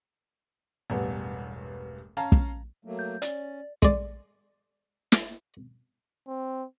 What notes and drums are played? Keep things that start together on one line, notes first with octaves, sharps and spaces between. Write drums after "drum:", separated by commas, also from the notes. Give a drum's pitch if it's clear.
E1 A1 G2 B3
C#4 F5 A5 A#5
drum: kick
F#3 A3 A#3
G6
C#4 D5, drum: hi-hat
G#3 D5, drum: kick
drum: snare
C4